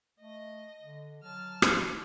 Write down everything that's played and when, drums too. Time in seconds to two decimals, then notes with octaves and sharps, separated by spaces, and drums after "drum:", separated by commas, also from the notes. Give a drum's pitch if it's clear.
0.19 A3 D#5
0.81 D3
1.23 F#3 A5 F6
1.62 drum: rim click